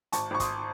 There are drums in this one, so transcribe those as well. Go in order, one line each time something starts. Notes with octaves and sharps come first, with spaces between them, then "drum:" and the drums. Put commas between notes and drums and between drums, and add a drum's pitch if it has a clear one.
G#1 A5 C#6, drum: hi-hat
G#1 C#6
C6 D#6, drum: kick, hi-hat